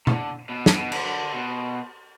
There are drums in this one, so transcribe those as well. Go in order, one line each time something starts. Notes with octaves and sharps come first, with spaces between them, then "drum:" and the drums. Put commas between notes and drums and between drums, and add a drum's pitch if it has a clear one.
D3, drum: tom B2
B2
A2, drum: snare
B2
D3, drum: cymbal
B2